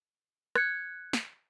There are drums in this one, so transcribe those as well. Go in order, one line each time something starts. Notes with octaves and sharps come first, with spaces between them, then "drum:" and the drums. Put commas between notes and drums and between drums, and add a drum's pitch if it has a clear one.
F#6 G#6 C#7, drum: rim click
drum: snare